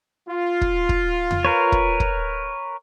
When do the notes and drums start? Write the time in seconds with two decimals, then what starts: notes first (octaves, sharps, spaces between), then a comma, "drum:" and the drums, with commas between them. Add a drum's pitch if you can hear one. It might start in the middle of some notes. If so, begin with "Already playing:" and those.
0.28 F4
0.61 drum: kick
0.89 drum: kick
1.31 drum: tom E2
1.45 A#4 B4 C#5
1.72 drum: kick
2.00 drum: kick